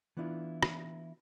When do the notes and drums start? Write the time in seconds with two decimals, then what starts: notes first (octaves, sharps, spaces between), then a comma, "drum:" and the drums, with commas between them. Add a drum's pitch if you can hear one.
0.17 E3 B3 D4 E4 F4
0.63 drum: rim click